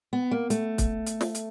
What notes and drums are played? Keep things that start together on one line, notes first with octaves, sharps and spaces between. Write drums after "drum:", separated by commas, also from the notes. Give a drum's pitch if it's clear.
B3
A#3
A3, drum: hi-hat
drum: kick, hi-hat
drum: hi-hat
drum: snare
drum: hi-hat